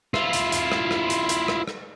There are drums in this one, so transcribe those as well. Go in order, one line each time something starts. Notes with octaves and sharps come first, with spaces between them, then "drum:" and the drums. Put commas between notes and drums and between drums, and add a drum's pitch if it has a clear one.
E4 F4, drum: rim click
drum: hi-hat
drum: hi-hat
drum: rim click
drum: rim click
drum: hi-hat
drum: hi-hat
drum: rim click
drum: rim click